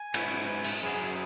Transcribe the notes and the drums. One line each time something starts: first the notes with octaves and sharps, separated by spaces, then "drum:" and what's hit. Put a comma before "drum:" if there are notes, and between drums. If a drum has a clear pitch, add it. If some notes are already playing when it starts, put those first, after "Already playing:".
Already playing: G#5
G#2 F#3 C#4 E4, drum: cymbal
drum: cymbal
F#2 F#3 E4 G#4